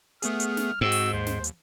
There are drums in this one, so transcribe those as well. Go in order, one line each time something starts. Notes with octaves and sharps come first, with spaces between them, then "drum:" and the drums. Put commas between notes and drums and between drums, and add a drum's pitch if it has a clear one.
A3 B3 G#4 F6, drum: hi-hat
drum: hi-hat
drum: snare
G#2 C4 F#4 E6
drum: open hi-hat
D#2 C5
drum: snare
drum: hi-hat